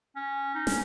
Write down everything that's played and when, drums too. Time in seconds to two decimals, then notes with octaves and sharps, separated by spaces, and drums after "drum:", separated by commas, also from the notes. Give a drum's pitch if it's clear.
0.16 C#4
0.55 D#4
0.67 C#4, drum: snare